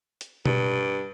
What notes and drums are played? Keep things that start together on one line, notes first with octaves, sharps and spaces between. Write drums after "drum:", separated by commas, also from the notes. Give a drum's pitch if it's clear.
drum: hi-hat
G2, drum: tom B2